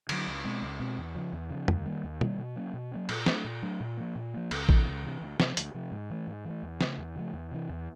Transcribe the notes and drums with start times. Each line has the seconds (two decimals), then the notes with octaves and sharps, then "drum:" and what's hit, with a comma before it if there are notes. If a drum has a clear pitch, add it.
0.09 D3 F#3, drum: cymbal
0.27 C#2
0.44 B2 G#3 C4
0.62 C#2
0.79 B2 G#3 C4
0.98 E2
1.15 C#3 F3
1.33 E2
1.50 C#3 F3
1.68 D#2, drum: tom
1.86 D#3 G3 A#3
2.04 D#2
2.21 D#3 G3 A#3, drum: tom
2.38 B2
2.56 F#3 A#3 C#4
2.74 B2
2.91 F#3 A#3 C#4
3.09 A#2, drum: cymbal
3.26 F#3 A3 D4, drum: snare
3.44 A#2
3.62 F#3 A3 D4
3.80 A#2
3.97 F3 A#3
4.15 A#2
4.34 F3 A#3
4.51 C#2, drum: cymbal
4.69 C3 E3, drum: kick A1
4.87 C#2
5.03 C3 E3
5.22 D2
5.40 C3 F3, drum: snare
5.57 D2, drum: hi-hat
5.74 C3 F3
5.92 G#2
6.10 E3 A3
6.27 G#2
6.45 E3 A3
6.63 E2
6.81 C#3 F3 A3, drum: snare
6.98 E2
7.15 C#3 F3 A3
7.33 E2
7.51 C3 E3
7.69 E2